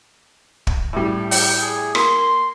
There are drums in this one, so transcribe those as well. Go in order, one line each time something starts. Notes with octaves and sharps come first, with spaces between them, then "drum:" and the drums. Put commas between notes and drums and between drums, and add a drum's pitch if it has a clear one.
drum: kick
A2 G3
G5, drum: open hi-hat
G#4
A#3 C6, drum: rim click